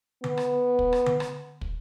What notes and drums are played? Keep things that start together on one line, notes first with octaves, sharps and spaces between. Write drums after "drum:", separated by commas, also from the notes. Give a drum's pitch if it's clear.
B3, drum: tom D3
drum: rim click
drum: kick
drum: rim click
drum: tom D3
drum: rim click
drum: kick